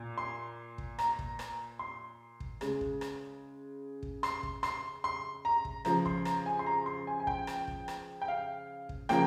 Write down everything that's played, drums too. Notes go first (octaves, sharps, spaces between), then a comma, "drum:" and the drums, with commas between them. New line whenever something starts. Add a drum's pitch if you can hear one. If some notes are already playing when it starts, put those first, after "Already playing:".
Already playing: A#2
C6
drum: kick
A#5, drum: rim click
drum: kick
drum: rim click
C6
drum: kick
C#3 G#3, drum: rim click
drum: kick
drum: rim click
drum: kick
C6, drum: rim click
drum: kick
C6, drum: rim click
C6
A#5
drum: kick
C#3 F3 G#3 A#5, drum: rim click
C6, drum: kick
A#5, drum: rim click
G#5
C6
A#5
C6
G#5
G#5
G5, drum: kick
drum: rim click
drum: kick
drum: rim click
G5
F5
drum: kick
C#3 F3 A#3 G5, drum: rim click